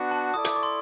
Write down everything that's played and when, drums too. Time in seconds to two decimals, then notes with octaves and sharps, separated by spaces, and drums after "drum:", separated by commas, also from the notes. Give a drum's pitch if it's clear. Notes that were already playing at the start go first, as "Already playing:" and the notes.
Already playing: B3 D4 F#4
0.11 A5
0.34 E4 A4 D5 D#6
0.45 D6, drum: hi-hat
0.56 C#6
0.63 C6